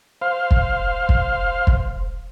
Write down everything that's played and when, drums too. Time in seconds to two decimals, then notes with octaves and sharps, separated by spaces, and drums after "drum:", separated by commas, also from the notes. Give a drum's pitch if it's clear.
0.22 C5 F5
0.51 drum: kick
1.09 drum: kick
1.67 drum: kick